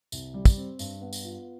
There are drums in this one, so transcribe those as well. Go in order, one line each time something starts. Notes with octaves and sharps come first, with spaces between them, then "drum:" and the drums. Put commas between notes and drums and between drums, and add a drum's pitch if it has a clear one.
C2, drum: tambourine
G3
drum: kick, tambourine
C4
G2, drum: tambourine
B3
drum: tambourine
F4